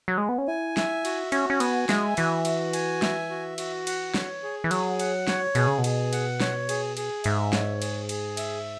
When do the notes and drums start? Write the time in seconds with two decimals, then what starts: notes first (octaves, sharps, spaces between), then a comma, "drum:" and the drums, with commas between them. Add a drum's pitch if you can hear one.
0.08 F#3
0.18 G#3
0.29 B3
0.38 C#4
0.48 E4 G#5
0.77 E5, drum: snare
1.05 F#4, drum: cymbal
1.32 C#4 F#4, drum: cymbal
1.50 C#4
1.60 B3 G#5, drum: cymbal
1.89 G#3 E5, drum: snare
2.17 E3 F#4, drum: cymbal
2.45 F#4, drum: cymbal
2.73 G#5, drum: cymbal
3.02 E5, drum: snare
3.30 F#4
3.58 F#4, drum: cymbal
3.87 F#5, drum: cymbal
4.14 C#5, drum: snare
4.43 G#4
4.64 E3
4.71 F#3 G#4, drum: cymbal
4.99 F#5, drum: cymbal
5.28 C#5, drum: snare
5.55 B2 G#4, drum: cymbal
5.67 C#3
5.78 B2
5.84 G#4, drum: cymbal
6.13 F#5, drum: cymbal
6.40 C#5, drum: snare
6.69 G#4, drum: cymbal
6.97 G#4, drum: cymbal
7.24 G#2 E5, drum: cymbal
7.53 C#5, drum: snare
7.82 G#4, drum: cymbal
8.09 G#4, drum: cymbal
8.37 E5, drum: cymbal